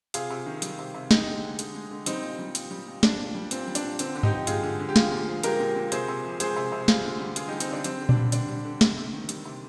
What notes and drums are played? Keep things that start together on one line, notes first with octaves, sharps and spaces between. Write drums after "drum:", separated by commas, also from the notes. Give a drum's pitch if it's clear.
C3 F4 G#4, drum: hi-hat
C3
D#3
G3, drum: hi-hat
C3
C3
G#3 D#4 G4, drum: snare
D3
G#3
D3, drum: hi-hat
G#3
D3
G3 C4 D#4, drum: hi-hat
A#2
G3
A#2, drum: hi-hat
G3
A#2
G3 D4, drum: snare
A#2
G3
A#2 C4, drum: hi-hat
G3
D4, drum: hi-hat
A#2
D3 C4, drum: hi-hat
D3
D#4 G4, drum: tom G2
F3
G#3 F4 G#4, drum: hi-hat
D3
D3
G4
A#2 F4 G#4, drum: snare
A#2
F3
G#3 G4 A#4, drum: hi-hat
A#2
A#2
C3 G#4 C5, drum: hi-hat
C3
F3
G#3 G#4 C5, drum: hi-hat
C3
C3
G3 F4 G#4, drum: snare
D3
G3
D3 F4 G#4, drum: hi-hat
D#4 G4
G3
C4 D#4, drum: hi-hat
D3 D4
G3 C4, drum: hi-hat
D3
D4, drum: tom A#2
G3
D3 D4, drum: hi-hat
G3
D3
C3, drum: snare
C3
D#3
G3, drum: hi-hat
C3